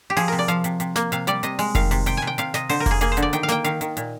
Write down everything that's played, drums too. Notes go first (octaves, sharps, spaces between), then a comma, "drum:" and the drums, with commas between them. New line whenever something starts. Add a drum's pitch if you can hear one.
G4
F3 G#4, drum: open hi-hat
C3 A#4
D5
F3 F5, drum: hi-hat
C3, drum: hi-hat
C3, drum: hi-hat
A#3, drum: snare
C3 F5, drum: hi-hat
G3 D5, drum: hi-hat
C3 D#5, drum: hi-hat
G#3, drum: open hi-hat
D#3 F5, drum: kick F1, hi-hat
C3, drum: open hi-hat
C3 G5, drum: hi-hat
C3 G#5
G5
C3 F5, drum: hi-hat
C3 D#5, drum: snare
D3 C5, drum: open hi-hat
A#4
A#3 G#4, drum: kick F1, open hi-hat
A#3 G#4, drum: hi-hat
C5
D3, drum: hi-hat
D5
D#3 G5, drum: hi-hat
F5
A#3 G5, drum: snare
D#3 F5, drum: hi-hat
D#3, drum: hi-hat
A#2, drum: hi-hat